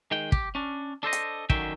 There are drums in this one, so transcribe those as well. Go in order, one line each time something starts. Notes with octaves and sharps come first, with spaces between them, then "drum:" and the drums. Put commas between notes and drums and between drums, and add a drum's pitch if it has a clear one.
D#3 G#3 G5
G4, drum: kick
C#4 D4
D4 A4 C5 D#5
drum: hi-hat
D3 D#3 F#3 C#4 E5 G5, drum: kick